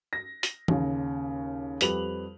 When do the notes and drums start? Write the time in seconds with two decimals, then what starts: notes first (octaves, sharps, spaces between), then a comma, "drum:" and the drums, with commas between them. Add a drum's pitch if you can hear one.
0.13 A#6
0.43 drum: hi-hat
0.68 D#2 C#3, drum: tom
1.81 F2 G3 G4 B4 F7 F#7, drum: hi-hat